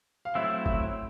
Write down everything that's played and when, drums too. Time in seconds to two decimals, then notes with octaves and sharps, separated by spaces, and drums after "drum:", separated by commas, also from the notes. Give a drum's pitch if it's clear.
0.25 F5
0.35 F#3 A3 C4 E4 E5
0.66 E5, drum: kick